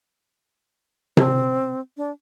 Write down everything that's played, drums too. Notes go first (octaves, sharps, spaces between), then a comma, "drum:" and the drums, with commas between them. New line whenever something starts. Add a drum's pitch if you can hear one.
C4, drum: tom C3
D4